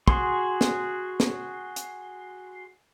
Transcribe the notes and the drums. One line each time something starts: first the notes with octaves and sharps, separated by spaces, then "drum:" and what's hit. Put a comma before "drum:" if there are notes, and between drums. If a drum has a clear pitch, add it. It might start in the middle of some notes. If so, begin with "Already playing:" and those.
F#4 G#4 C6, drum: kick
drum: snare
drum: snare
drum: hi-hat